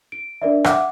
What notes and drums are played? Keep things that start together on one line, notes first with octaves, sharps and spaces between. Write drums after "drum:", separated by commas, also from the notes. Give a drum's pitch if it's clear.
D7
D4 A#4 D5 E5
E5 F#5 D6, drum: rim click